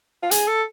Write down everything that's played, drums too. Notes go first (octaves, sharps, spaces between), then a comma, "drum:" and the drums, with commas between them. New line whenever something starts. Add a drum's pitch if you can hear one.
F4
G#4, drum: hi-hat
A4